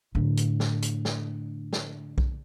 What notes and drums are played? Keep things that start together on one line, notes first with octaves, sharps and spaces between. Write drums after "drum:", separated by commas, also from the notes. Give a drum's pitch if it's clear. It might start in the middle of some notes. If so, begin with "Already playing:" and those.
A2 D3
drum: hi-hat
drum: snare
drum: hi-hat
drum: snare
drum: snare
drum: kick B1